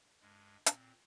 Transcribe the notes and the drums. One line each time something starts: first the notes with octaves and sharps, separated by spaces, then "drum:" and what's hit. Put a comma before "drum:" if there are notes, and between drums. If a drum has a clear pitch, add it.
G2 G#3
A#2 C4, drum: hi-hat